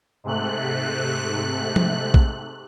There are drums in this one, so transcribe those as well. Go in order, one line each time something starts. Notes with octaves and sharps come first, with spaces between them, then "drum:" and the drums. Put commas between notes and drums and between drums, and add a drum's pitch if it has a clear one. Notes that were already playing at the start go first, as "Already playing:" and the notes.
G#2 C3 A3 F#6
drum: tom F3
drum: kick A#1